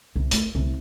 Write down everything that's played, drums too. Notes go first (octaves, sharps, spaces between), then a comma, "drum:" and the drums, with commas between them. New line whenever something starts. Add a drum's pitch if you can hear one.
C2
A3, drum: hi-hat
C2